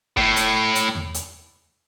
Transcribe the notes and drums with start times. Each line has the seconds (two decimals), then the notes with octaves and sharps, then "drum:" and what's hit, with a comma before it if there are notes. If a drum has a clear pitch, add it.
0.17 A2, drum: kick
0.36 drum: hi-hat
0.75 drum: hi-hat
0.95 drum: tom E2
1.14 drum: hi-hat